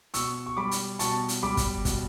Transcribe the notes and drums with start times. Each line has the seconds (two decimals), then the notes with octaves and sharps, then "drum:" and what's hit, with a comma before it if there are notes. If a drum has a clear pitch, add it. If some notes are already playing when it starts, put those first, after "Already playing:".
0.14 B2 C#6 E6, drum: hi-hat
0.46 C#6
0.56 G3 B5 D6
0.71 drum: hi-hat
0.99 B2 A5 C#6, drum: hi-hat
1.28 drum: hi-hat
1.43 G3 B5 D6
1.57 drum: kick, hi-hat
1.85 B2, drum: kick, hi-hat